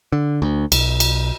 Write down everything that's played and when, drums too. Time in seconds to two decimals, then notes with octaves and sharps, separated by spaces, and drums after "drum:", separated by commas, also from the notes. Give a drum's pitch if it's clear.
0.12 D3
0.42 D2
0.72 B1, drum: cymbal
1.00 drum: cymbal